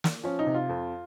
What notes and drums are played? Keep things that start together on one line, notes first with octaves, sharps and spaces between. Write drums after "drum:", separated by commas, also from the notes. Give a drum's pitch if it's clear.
drum: snare
F3 C#4
D#4
C3
F4
F2